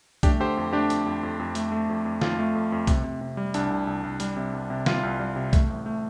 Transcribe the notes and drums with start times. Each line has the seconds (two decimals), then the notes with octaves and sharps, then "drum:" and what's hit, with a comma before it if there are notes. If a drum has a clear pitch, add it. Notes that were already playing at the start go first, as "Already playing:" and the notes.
0.23 A3 D4 G4, drum: kick, hi-hat
0.40 D3 G4 C5
0.57 F2
0.73 A3 D4 G4
0.90 F2, drum: hi-hat
1.06 F2
1.23 F2
1.39 F2
1.55 A3, drum: hi-hat
1.72 A3
1.89 F2
2.05 F2
2.22 F2 F4, drum: snare
2.39 A3
2.55 F2
2.72 F2
2.87 C3, drum: kick, hi-hat
3.04 C3
3.21 C3
3.37 G3
3.54 C2 D4, drum: hi-hat
3.70 C2
3.87 C2
4.03 C2
4.20 G3, drum: hi-hat
4.37 C3
4.53 C2
4.70 C3
4.86 G3 F4, drum: snare
5.03 C2
5.19 G3
5.36 C3
5.53 A3, drum: kick, hi-hat
5.69 A1
5.86 A3